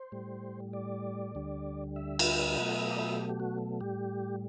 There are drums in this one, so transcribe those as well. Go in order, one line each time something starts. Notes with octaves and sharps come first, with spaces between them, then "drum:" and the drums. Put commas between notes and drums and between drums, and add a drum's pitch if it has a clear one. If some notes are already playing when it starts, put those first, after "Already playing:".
Already playing: C5
A2 G3
D5
D2 D3 G3
E5
drum: cymbal
B2 F#3 A3 F#5
E5
D5
E5
G4
G4
F#4
A2 G3 G4